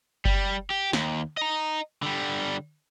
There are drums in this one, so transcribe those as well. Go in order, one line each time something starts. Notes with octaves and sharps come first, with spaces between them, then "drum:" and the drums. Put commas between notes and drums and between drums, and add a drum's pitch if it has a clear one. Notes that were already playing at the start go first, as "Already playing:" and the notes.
G3, drum: kick F#1
G4
D#2, drum: snare
D#5 A#5
D3 G3